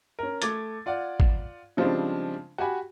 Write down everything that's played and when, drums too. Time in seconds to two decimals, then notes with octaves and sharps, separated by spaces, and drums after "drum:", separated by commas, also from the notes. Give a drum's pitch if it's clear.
0.19 C#4 A#4
0.42 A3 D6 G#6 A6, drum: hi-hat
0.86 F4 D5 F#5
1.20 drum: kick
1.77 C#3 F3 G3 G#3 C4 D4
2.58 F#4 G4 G#5 B5